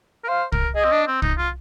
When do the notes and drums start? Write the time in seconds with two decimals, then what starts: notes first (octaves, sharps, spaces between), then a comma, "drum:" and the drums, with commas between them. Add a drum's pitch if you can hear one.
0.24 A#4
0.28 C5 F5
0.52 A#4, drum: kick
0.75 G#4 D#5
0.85 C4
0.92 D4
1.07 C4
1.22 D#4, drum: kick
1.38 F4